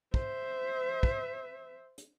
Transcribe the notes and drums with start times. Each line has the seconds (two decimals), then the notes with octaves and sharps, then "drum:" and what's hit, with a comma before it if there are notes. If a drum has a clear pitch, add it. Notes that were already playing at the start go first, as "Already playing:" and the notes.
0.14 C5 E5, drum: kick
1.03 drum: kick
1.98 drum: hi-hat